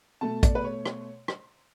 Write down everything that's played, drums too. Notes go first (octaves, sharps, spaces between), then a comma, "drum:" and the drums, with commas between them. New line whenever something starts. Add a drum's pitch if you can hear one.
B2 A3 A5
D5, drum: kick, hi-hat
B4
C#5
drum: rim click
drum: rim click